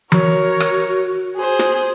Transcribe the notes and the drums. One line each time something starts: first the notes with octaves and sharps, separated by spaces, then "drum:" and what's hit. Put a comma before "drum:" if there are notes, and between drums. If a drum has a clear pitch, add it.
F#4 A#4 C#5, drum: tom E3
drum: rim click
G#4 C5
drum: snare